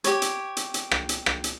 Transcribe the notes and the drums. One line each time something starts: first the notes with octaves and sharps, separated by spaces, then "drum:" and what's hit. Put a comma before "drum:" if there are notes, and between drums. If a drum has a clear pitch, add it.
G4 C#5, drum: hi-hat
drum: hi-hat
drum: hi-hat
drum: hi-hat
drum: rim click
drum: hi-hat
drum: rim click
drum: hi-hat